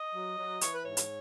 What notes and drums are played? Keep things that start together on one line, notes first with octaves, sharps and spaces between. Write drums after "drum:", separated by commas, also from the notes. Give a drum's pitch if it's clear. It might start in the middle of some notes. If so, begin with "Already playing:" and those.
Already playing: D#5
F#3
F#3
E3 C#5, drum: hi-hat
B4
G#2 C#5
drum: hi-hat